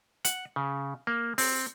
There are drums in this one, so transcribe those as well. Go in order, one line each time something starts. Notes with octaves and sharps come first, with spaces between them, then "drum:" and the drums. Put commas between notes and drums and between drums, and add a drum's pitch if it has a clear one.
F#5, drum: hi-hat
C#3
A#3
C4, drum: open hi-hat